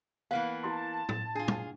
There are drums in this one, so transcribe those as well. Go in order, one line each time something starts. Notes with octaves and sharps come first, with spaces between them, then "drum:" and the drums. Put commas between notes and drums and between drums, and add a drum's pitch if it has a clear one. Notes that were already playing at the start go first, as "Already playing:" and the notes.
E3 A#3 B3 F5
E4 A5 C6
drum: tom A2
D4 F4 G#4
drum: tom